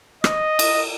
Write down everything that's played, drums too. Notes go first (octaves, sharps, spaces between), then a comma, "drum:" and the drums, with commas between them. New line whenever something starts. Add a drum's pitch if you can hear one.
D#5, drum: rim click
drum: cymbal